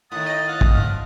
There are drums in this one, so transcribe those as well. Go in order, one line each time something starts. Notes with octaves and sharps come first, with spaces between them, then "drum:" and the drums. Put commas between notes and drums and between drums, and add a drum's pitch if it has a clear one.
A2 D#3 F#5 D#6 A6
D#5 G5
F5 F#5
drum: kick
F3 F6